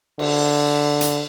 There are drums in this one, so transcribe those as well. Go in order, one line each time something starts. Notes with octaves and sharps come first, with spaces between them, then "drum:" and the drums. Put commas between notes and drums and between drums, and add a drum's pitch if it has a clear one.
D3, drum: cymbal
drum: hi-hat